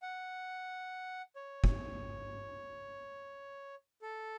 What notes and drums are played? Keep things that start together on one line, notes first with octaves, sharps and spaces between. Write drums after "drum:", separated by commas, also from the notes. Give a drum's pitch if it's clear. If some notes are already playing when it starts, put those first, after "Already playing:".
F#5
C#5
drum: kick
A4